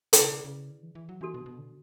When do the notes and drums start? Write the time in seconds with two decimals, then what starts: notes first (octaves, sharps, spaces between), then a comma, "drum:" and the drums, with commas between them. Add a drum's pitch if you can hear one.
0.13 B2, drum: hi-hat
0.19 C#3 E4 G#4 B4 D5
0.44 C#3
0.70 D3
0.83 E3
0.95 E3
1.09 F#3
1.21 E3 D4 F#4 A4
1.34 B2
1.46 B2
1.58 D3